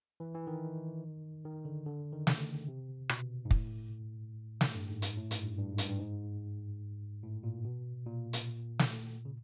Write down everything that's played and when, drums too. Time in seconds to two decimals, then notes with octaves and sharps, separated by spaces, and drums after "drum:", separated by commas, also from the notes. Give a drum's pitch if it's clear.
0.20 E3
0.34 E3
0.47 D#3
1.45 D#3
1.65 D3
1.86 D3
2.13 D#3
2.27 C#3, drum: snare
2.68 C3
3.09 B2, drum: rim click
3.45 G#2
3.51 A2, drum: kick
4.61 drum: snare
4.75 G2
4.89 G#2
5.02 G#2, drum: hi-hat
5.17 A2
5.31 G#2, drum: hi-hat
5.44 G2
5.58 G2
5.73 G#2
5.78 G2, drum: hi-hat
5.89 G2
5.99 G#2
7.23 A2
7.43 A#2
7.64 B2
8.06 A#2
8.33 drum: hi-hat
8.79 drum: snare
9.25 C#3